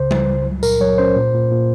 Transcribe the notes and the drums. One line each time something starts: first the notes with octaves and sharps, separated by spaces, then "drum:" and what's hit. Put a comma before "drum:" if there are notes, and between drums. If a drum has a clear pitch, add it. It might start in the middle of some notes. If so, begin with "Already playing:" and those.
Already playing: C#2 C#3 C5
C#2, drum: tom G3
C#2
F#3
A#2 A#4, drum: tambourine
F#3 C#5
C#4 C5
A#2
A#2
A#2